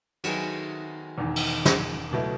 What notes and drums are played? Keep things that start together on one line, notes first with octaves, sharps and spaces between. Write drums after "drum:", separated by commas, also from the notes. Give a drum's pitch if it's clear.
D#3 F#3 B3 D#4 G#4, drum: cymbal
E1 E2 D#3
drum: cymbal
drum: snare
C#2 B2 F#3 A3 E4